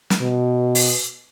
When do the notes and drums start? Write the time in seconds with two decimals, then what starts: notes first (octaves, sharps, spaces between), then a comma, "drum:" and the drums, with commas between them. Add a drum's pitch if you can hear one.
0.10 drum: snare
0.21 B2
0.75 drum: open hi-hat